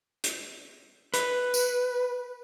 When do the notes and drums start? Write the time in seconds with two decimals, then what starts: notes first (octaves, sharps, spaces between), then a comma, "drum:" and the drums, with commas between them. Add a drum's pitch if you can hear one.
0.24 drum: hi-hat
1.14 B4, drum: hi-hat
1.54 drum: tambourine